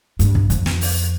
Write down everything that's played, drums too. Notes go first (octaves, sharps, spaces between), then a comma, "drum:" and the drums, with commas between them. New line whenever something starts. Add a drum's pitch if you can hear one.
G2, drum: hi-hat
drum: kick
F2, drum: hi-hat
drum: snare
drum: open hi-hat